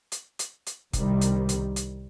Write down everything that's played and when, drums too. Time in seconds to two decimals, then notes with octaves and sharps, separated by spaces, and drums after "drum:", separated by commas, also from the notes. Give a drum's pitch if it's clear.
0.12 drum: hi-hat
0.39 drum: hi-hat
0.67 drum: hi-hat
0.93 C2 C3 D#3 G3, drum: kick, hi-hat
1.21 drum: hi-hat
1.49 drum: hi-hat
1.76 drum: hi-hat